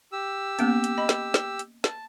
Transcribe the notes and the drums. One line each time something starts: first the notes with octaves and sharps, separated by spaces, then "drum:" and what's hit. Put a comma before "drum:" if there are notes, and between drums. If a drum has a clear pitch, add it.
G4 E6
A#3 B3 C#4, drum: hi-hat
drum: hi-hat
D#5 B5
drum: snare
drum: snare
drum: hi-hat
A5, drum: snare